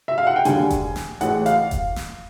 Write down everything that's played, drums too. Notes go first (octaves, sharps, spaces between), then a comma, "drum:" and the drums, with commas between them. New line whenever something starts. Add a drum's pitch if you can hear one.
E5
F5
F#5
G5
E1 D#2 D3 G3 G#5, drum: hi-hat
drum: kick E1, hi-hat
drum: snare
A1 A2 E3 G#3 F#5, drum: hi-hat
F5, drum: hi-hat
drum: kick E1, hi-hat
drum: snare